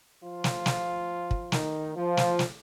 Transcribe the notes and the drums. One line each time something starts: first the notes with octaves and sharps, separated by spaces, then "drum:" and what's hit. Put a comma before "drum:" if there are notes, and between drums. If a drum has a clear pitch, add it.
F3 F4
drum: snare
drum: snare
drum: kick
D#3 D#4, drum: snare
F3 F4
drum: snare
drum: snare